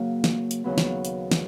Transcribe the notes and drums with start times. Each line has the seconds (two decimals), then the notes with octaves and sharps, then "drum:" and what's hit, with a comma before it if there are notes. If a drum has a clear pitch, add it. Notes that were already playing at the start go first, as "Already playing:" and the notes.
Already playing: C#3 F#3 A#3
0.24 drum: snare
0.51 drum: hi-hat
0.64 D#2 C#3 F#3 B3
0.78 drum: snare
1.05 drum: hi-hat
1.31 drum: snare